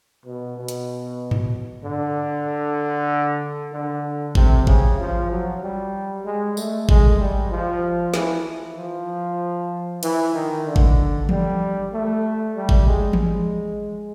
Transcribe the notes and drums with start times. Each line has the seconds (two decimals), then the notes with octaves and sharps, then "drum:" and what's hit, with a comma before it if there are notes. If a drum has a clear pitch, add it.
0.26 B2
0.57 B2
0.68 drum: hi-hat
1.31 drum: tom G2
1.84 D3
3.73 D3
4.35 C3, drum: kick G#1
4.67 C#3, drum: kick G#1
4.99 F3
5.31 F#3
5.63 G3
6.25 G#3
6.57 A3, drum: tambourine
6.89 G#3, drum: kick G#1
7.20 G3
7.51 F3
8.14 E3, drum: snare
8.77 F3
10.03 E3, drum: cymbal
10.34 D#3
10.66 D3
10.76 drum: kick G#1
11.29 G3, drum: tom E3
11.93 A3
12.56 G3
12.69 drum: kick G#1
12.87 G#3
13.13 drum: tom E3